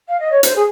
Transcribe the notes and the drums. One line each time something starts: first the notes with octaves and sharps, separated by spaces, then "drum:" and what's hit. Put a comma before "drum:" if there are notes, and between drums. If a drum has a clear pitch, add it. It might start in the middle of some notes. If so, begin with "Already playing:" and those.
F5
D#5
C#5
C5, drum: hi-hat
G#4